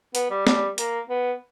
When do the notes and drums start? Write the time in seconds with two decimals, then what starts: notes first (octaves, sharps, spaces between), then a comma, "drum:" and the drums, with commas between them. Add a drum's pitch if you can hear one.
0.15 B3, drum: hi-hat
0.30 G3
0.47 G3, drum: snare
0.78 A#3, drum: hi-hat
1.10 B3